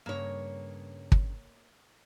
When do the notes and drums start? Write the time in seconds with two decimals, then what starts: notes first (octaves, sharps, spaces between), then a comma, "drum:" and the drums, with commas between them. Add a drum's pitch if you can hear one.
0.06 G2 C#3 A#3 C#5
1.12 drum: kick